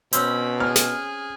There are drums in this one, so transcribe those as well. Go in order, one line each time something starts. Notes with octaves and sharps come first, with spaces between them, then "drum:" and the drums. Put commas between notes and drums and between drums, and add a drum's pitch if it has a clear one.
B2 C4 C#4 B5, drum: hi-hat
G#4 F6
drum: snare